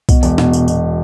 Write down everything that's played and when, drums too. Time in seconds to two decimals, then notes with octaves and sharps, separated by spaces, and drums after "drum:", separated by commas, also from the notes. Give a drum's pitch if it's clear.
0.09 B2, drum: kick C2, tambourine
0.23 E1, drum: tambourine
0.38 B2, drum: snare
0.53 B2, drum: tambourine
0.68 B2, drum: tambourine